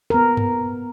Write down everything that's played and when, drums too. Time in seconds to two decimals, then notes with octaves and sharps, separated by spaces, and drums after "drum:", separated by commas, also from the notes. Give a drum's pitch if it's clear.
0.10 B3 A#4
0.37 drum: tom G2